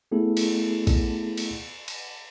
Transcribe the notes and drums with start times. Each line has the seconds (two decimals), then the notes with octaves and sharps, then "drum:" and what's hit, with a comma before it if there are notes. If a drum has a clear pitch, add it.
0.11 A3 B3 E4 G#4 A4
0.37 drum: cymbal
0.87 drum: kick A#1, cymbal
1.37 drum: cymbal
1.88 drum: cymbal